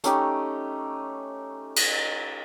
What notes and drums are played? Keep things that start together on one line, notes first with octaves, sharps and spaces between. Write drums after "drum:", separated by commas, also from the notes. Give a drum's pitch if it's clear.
A3 C#4 D#4 G4, drum: hi-hat
drum: cymbal